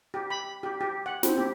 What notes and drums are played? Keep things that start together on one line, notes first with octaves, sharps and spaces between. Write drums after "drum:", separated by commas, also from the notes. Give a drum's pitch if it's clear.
G4
B5
G4
G4
F#5
C4, drum: snare
G4